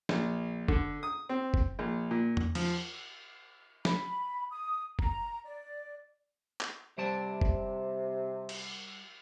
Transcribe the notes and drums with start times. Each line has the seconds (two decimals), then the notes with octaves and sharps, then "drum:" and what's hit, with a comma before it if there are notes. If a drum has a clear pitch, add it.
0.09 A#1, drum: snare
0.68 D3, drum: kick F#1
1.03 D#6
1.29 C4
1.54 drum: kick F#1
1.79 A#1
2.11 A#2
2.37 drum: tom E2
2.55 F3, drum: cymbal
3.85 B5, drum: snare
4.51 D#6
4.99 A#5, drum: kick F#1
5.44 D5
6.61 drum: clap
6.98 C3 G3 D5 A5
7.41 drum: kick F#1
8.49 drum: cymbal